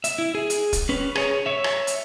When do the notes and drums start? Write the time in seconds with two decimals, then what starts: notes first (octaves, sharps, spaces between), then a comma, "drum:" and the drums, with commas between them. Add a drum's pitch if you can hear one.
0.04 E5, drum: hi-hat
0.18 E4
0.35 G#4
0.50 drum: hi-hat
0.73 drum: kick, hi-hat
0.89 C#4 B4
1.15 G#4 C#5, drum: rim click
1.46 C#5 E5
1.64 drum: rim click
1.87 drum: hi-hat